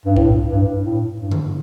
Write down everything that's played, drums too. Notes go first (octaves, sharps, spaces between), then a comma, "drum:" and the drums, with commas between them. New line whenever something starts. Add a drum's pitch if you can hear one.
G2
A2, drum: kick C2
G2
A2
G2
drum: tom D3